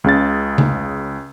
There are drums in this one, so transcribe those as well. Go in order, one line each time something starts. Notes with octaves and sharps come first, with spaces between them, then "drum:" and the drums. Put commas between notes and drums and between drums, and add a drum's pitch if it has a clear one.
C#2 C#3 A6
drum: tom C#3